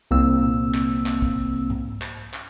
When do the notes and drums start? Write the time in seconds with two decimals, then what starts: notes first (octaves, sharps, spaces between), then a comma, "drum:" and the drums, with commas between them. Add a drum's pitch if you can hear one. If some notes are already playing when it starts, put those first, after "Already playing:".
0.11 C2 A#3 C4 E6
0.43 drum: tom A#2
0.74 drum: clap
1.06 drum: clap
1.22 drum: kick
1.70 drum: tom G#2
2.02 drum: clap
2.34 drum: clap